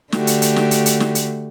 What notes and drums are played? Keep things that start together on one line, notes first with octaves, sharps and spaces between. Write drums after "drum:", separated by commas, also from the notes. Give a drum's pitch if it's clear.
D3 A3 F#4 G4, drum: snare
drum: hi-hat
drum: hi-hat
drum: snare
drum: hi-hat
drum: hi-hat
drum: snare
drum: hi-hat